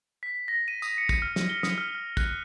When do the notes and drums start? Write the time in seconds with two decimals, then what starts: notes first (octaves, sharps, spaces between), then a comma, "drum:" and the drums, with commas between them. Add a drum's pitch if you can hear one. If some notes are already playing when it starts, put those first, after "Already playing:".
0.23 B6
0.48 A#6
0.68 D#7
0.82 D#6, drum: tambourine
0.98 C#7
1.09 drum: kick, tambourine
1.22 F6
1.36 drum: snare
1.49 G7
1.63 D#6, drum: snare
1.78 F6
1.95 F6
2.17 F#6, drum: kick, tambourine